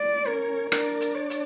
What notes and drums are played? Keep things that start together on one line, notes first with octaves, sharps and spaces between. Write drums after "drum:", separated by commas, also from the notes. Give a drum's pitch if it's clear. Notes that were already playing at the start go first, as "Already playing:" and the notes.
Already playing: D5
C#4 A#4 C#5
D4 A#4 D5, drum: rim click
drum: hi-hat
C#5
drum: hi-hat